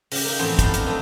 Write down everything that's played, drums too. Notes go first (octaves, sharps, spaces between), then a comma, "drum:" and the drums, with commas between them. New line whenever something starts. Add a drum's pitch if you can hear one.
C#3 G4, drum: open hi-hat
A#3 D#4
F2 A2 E3 B3 C4 G5
D4 D#4 F5 G5 A5, drum: kick, hi-hat
D4 A#5, drum: hi-hat
F#3 A3 B3 C4 D#4